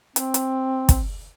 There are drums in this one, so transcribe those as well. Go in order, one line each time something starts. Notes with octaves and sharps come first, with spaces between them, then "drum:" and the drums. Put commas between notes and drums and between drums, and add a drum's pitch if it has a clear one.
C4, drum: hi-hat
drum: hi-hat
drum: kick, hi-hat